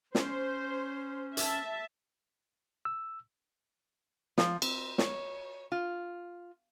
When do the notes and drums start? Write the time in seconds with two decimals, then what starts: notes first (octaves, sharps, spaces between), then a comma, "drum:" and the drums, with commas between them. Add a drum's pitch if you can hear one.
0.15 C#4 C5, drum: snare
1.37 E5 A5, drum: hi-hat
2.85 E6
4.38 F3, drum: snare
4.62 C4, drum: cymbal
4.98 C#5, drum: snare
5.72 F4